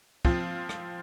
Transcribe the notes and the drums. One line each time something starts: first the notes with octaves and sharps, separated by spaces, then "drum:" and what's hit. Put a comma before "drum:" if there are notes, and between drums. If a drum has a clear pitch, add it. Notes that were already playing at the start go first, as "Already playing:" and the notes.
F3 C4 F4, drum: kick
drum: rim click